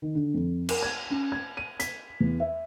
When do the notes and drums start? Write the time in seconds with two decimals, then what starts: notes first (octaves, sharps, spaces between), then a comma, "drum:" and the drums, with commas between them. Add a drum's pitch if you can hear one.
0.02 D#3
0.15 D3
0.34 F2
0.69 A#4, drum: cymbal
0.83 G#6
1.10 C#4
1.32 G#6
1.57 D#7
1.80 B6, drum: hi-hat
2.20 E2
2.40 E5